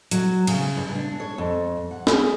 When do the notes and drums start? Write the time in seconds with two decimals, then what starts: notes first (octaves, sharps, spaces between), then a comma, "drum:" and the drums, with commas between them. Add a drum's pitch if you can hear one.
0.11 F#3, drum: hi-hat
0.47 C#3, drum: cymbal
0.77 G2
0.95 D4
1.20 C#5
1.38 F2
1.91 F#5
2.07 G#4, drum: snare